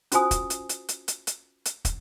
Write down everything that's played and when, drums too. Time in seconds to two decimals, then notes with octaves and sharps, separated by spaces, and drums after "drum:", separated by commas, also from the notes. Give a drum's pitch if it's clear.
0.12 C#4 F4 F#4 C5 G#5 D#6, drum: hi-hat
0.31 drum: kick, hi-hat
0.50 drum: hi-hat
0.69 drum: hi-hat
0.88 drum: hi-hat
1.08 drum: hi-hat
1.27 drum: hi-hat
1.65 drum: hi-hat
1.85 drum: kick, hi-hat